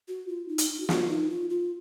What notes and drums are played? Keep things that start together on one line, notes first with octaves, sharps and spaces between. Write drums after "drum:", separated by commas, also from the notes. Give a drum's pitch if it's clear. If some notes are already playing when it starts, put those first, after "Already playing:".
F#4
F4
D#4
drum: hi-hat
D#4
F#4
F4, drum: snare
D#4
F4
F4